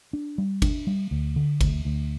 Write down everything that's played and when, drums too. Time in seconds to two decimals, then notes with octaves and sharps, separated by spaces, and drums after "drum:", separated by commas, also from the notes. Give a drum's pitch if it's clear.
0.13 D4
0.38 G3
0.62 D4, drum: kick G1, cymbal
0.87 G3
1.11 D2
1.36 D3
1.61 D2, drum: kick G1, cymbal
1.85 D2